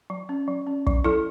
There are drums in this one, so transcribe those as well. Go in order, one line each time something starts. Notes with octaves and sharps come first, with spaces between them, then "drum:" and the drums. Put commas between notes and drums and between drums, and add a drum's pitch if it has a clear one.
F#3
C#4
F#3
C#4
F#3, drum: kick
F#3 E4 A4